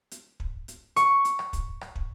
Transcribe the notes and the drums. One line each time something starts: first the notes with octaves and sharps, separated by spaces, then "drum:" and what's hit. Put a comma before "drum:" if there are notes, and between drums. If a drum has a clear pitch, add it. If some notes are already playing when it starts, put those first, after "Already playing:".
drum: hi-hat
drum: kick
drum: hi-hat
C#6, drum: hi-hat
drum: hi-hat
drum: rim click
drum: kick, hi-hat
drum: rim click
drum: kick